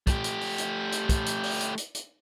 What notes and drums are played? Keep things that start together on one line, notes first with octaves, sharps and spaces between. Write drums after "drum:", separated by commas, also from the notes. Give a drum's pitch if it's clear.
A3 G4, drum: kick, hi-hat
drum: hi-hat
drum: open hi-hat
drum: hi-hat
drum: hi-hat
drum: kick, hi-hat
drum: hi-hat
drum: open hi-hat
drum: hi-hat
drum: hi-hat
drum: hi-hat